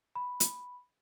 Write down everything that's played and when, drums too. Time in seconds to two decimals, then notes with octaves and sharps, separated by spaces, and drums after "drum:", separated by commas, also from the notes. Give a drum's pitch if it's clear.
0.15 B5
0.40 drum: hi-hat